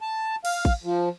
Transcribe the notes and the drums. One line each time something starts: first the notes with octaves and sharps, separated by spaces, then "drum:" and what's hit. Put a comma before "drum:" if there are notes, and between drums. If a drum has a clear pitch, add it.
A5
F5, drum: cymbal
drum: kick A1
F3